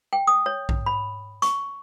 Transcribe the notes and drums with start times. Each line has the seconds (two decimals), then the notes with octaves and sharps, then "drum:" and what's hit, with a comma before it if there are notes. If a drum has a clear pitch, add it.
0.13 G5
0.27 D#6
0.46 C#5
0.69 drum: kick A#1
0.86 B5
1.42 C#6, drum: hi-hat